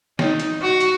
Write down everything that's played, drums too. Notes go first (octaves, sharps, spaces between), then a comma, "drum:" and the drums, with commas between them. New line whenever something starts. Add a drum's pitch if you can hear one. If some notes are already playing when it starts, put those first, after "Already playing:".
D#4, drum: snare
drum: hi-hat
F#4
drum: hi-hat